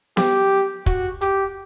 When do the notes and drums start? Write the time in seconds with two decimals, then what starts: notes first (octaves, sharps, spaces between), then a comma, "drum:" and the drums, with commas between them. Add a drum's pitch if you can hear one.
0.17 G4, drum: snare B3
0.86 F#4, drum: kick, hi-hat
1.21 G4, drum: hi-hat